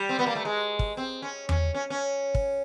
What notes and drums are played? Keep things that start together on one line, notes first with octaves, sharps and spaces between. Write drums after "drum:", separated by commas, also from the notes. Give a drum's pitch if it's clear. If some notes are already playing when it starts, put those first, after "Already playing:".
Already playing: G3
C4
B3
A#3
A3
G#3
drum: kick
C4
C#4
C#4, drum: tom E2
C#4
C#4
drum: kick